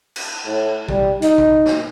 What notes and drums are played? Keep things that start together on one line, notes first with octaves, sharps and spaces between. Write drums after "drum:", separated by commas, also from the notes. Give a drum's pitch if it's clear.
drum: cymbal
A2
G3, drum: kick
D#4, drum: hi-hat
drum: kick
drum: snare